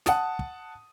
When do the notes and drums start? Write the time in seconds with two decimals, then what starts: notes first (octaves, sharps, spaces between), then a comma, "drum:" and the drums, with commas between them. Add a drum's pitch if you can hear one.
0.06 F#5 A5 D#6, drum: snare
0.39 drum: kick